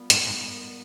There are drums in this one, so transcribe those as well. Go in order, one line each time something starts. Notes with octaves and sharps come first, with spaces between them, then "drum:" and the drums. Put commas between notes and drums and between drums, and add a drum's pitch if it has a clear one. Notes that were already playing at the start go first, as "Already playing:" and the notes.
Already playing: A#2 G3 B3
G#2, drum: hi-hat
G#2